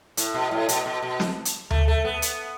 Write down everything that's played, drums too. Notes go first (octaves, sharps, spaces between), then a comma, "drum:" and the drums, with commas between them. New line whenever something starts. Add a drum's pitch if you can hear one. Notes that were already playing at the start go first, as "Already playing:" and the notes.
A2, drum: hi-hat
B2
A2
B2, drum: hi-hat
B2
B2
drum: snare
drum: hi-hat
A3, drum: tom D2
A3
B3
drum: hi-hat